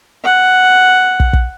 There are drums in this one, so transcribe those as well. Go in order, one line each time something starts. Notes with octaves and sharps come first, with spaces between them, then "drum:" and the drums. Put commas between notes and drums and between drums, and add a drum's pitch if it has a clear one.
F#5
drum: kick
drum: kick